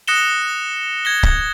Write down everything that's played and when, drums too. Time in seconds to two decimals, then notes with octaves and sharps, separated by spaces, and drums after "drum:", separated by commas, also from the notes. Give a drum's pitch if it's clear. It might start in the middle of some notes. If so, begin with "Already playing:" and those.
0.07 D#6 F#6 A#6 C#7 E7 G7
1.05 G#6 A#6 G7
1.23 drum: kick C#1